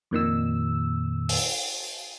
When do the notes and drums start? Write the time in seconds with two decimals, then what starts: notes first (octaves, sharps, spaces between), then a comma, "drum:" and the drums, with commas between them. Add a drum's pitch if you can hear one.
0.11 F2 A#2 D#3 E6
1.29 drum: open hi-hat